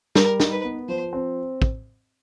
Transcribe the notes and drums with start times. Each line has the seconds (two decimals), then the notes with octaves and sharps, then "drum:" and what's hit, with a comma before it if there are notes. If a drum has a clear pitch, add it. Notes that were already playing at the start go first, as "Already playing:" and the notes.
0.15 G3 A#4, drum: snare
0.40 D#4, drum: snare
0.52 B4
0.64 B3
0.88 F3 C5
1.13 C4
1.62 drum: kick